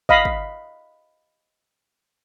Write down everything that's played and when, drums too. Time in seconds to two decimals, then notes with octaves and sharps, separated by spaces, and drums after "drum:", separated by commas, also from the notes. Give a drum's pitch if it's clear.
0.09 D#5 F5 B5, drum: kick
0.25 drum: kick